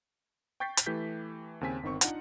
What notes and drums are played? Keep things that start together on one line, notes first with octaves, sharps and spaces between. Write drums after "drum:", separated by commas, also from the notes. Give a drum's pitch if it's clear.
G5 C#6 G6 A6 B6 C7
drum: hi-hat
E3 A3 G4 G6 B6
D#2 C#3 C4 G#5 B6
G1 D#3 C4 C#6
D4 D#4 F4 F#5, drum: hi-hat